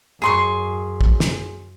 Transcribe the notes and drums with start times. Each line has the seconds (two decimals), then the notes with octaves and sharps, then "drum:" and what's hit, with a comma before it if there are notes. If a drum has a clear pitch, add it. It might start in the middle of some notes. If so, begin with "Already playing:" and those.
0.22 F#2 G#4 C6 C#6
1.01 drum: kick
1.20 drum: snare